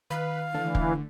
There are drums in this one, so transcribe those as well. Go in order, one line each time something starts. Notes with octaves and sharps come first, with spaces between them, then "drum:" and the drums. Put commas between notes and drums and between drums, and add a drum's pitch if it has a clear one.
D#3 B4 F5
D3 E3 A3
drum: kick